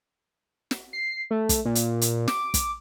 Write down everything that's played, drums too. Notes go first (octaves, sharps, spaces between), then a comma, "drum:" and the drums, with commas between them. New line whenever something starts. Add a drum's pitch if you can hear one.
drum: snare
C7
A3
drum: kick, hi-hat
A#2
drum: hi-hat
drum: hi-hat
D6, drum: snare
drum: kick, hi-hat